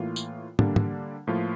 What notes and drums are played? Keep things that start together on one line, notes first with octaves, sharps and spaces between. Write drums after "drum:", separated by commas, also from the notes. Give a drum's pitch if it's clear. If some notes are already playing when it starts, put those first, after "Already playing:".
Already playing: A2 E3 A#3 F4
drum: tambourine
D3 G3 A#3 D4, drum: tom
drum: tom
A2 F3 A#3 F4